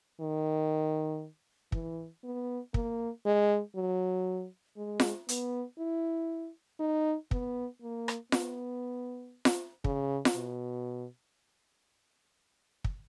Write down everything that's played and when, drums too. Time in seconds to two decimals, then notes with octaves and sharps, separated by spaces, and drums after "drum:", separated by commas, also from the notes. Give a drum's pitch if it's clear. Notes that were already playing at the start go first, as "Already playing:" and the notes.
0.21 D#3
1.72 E3, drum: kick
2.24 B3
2.74 A#3, drum: kick
3.25 G#3
3.76 F#3
4.77 G#3
5.00 drum: snare F4
5.29 B3, drum: hi-hat
5.79 E4
6.80 D#4
7.31 B3, drum: kick
7.82 A#3
8.08 drum: rim click
8.32 B3, drum: snare F4
9.45 drum: snare F4
9.84 C#3, drum: kick
10.25 drum: snare F4
10.35 B2
12.84 drum: kick